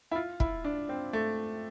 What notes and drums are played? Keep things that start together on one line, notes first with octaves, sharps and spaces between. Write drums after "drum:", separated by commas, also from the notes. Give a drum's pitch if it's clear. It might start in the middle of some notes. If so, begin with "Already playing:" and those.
E4
F4
E4, drum: kick
D4
C4
A3